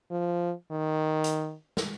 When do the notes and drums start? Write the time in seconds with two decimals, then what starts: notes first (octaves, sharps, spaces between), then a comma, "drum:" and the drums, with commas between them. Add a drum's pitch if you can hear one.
0.11 F3
0.71 D#3
1.24 drum: hi-hat
1.77 drum: snare